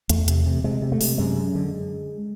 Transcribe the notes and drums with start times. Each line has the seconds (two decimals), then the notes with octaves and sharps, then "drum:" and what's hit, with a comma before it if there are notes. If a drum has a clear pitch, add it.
0.09 E2 A3, drum: hi-hat
0.28 C3, drum: hi-hat
0.46 C3
0.64 C3 G#3
0.82 C3
0.92 A3
1.01 C3, drum: open hi-hat
1.18 F#2 G#3
1.36 F#2
1.55 D3